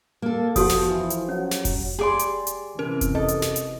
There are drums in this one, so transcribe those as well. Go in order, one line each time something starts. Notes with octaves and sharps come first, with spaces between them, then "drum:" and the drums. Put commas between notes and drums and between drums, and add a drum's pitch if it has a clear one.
A#3 A4
F3 B3 F#4 A4 D#6, drum: kick F1, open hi-hat
drum: snare
E3
drum: hi-hat
F#3 C#4
drum: snare
drum: kick F1, open hi-hat
G4 G#4 D5 C6
drum: hi-hat
drum: hi-hat
C3 E3 C#4 A#4
drum: kick F1, hi-hat
A4 D#5
drum: hi-hat
drum: snare
drum: hi-hat